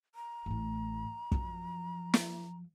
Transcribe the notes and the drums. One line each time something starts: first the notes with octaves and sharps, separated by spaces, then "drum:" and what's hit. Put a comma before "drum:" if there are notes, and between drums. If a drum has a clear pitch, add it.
A#5
A1 A2
F#2 F3, drum: kick
drum: snare